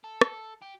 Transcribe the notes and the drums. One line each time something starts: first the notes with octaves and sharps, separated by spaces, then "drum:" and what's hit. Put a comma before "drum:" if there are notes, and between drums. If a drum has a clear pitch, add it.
A4
drum: rim click
G4